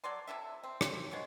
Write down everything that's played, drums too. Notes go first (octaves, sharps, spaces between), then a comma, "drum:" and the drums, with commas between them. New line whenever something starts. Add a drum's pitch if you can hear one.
F#3 A4 D5 C6
C3 E4 A4 E5
C4
drum: rim click
G#3 B3 C#5